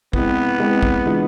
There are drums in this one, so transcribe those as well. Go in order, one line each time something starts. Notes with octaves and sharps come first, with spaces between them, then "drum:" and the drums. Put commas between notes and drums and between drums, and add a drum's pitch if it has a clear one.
G#3 B3 C4 E4 B4, drum: kick
G#3 C4 E4 B4
drum: kick
E3 G#3 D4 F4